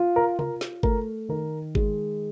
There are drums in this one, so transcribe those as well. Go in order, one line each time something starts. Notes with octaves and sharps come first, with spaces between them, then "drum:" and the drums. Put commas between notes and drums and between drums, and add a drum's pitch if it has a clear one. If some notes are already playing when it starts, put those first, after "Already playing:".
Already playing: F4
A#4
F4 A#4, drum: tom C3
drum: snare
A3 A#4, drum: kick G1
D#3 A#4
G#3, drum: kick G1